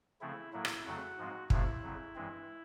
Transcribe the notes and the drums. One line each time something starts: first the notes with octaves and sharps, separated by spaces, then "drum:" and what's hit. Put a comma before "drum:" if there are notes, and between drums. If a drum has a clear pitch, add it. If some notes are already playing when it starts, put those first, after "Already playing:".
C#3 F3 A3 C4 E4
A2 F#3 A#3 E4
drum: rim click
F2 C#3 F#3 A3 C4 F#4
G#2 F3 G#3 C4
F2 C3 F3 A3 E4, drum: kick
F2 C#3 F#3
G2 E3 G#3 C4